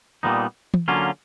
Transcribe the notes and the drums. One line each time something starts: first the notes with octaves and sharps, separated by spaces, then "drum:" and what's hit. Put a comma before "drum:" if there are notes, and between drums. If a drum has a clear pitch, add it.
A#2 G3 B3 D#4
drum: tom
D3 F#3 A#3 C#4 F4